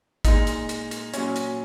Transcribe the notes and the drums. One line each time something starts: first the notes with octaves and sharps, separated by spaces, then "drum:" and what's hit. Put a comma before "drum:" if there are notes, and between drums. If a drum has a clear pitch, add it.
A#2 G#3 D#4, drum: kick, hi-hat
drum: hi-hat
drum: hi-hat
drum: hi-hat
A#2 F#3 C#4, drum: hi-hat
drum: hi-hat